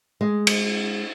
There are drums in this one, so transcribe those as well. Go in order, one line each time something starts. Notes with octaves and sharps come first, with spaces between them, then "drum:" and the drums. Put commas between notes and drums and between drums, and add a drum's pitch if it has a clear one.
G#3
drum: cymbal